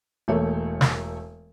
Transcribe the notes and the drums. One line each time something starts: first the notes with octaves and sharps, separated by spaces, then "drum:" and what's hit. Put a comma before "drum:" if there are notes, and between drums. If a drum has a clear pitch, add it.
E1 A3 A#3 C#5
drum: snare